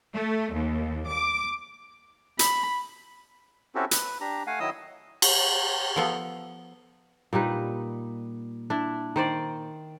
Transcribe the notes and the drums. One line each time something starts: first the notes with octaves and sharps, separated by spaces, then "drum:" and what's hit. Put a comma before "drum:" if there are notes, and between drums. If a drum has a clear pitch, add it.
A3
D#2
D6
B5, drum: hi-hat
C4 C#4 E4 F#4 G4 A4
B4, drum: hi-hat
D4 G4 A#5
A3 F5 F#5 G#5
D#3 F#3 E4 D#5 D#6 E6
drum: cymbal
F3 B3 A4
A#2 G3 D#4 B4
D4 E4
D#3 C5 D5